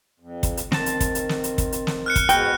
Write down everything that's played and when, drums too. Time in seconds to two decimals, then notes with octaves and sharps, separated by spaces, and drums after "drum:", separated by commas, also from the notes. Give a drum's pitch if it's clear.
0.20 F2
0.43 drum: kick, hi-hat
0.57 drum: hi-hat
0.72 D#3 C4 A5, drum: snare
0.86 drum: hi-hat
1.01 drum: kick, hi-hat
1.15 drum: hi-hat
1.29 drum: snare
1.44 drum: hi-hat
1.58 drum: kick, hi-hat
1.72 drum: hi-hat
1.87 drum: snare
2.06 F6 F#6 C#7
2.16 drum: kick, hi-hat
2.29 G#2 B2 G#3 B3 F#4 G5, drum: hi-hat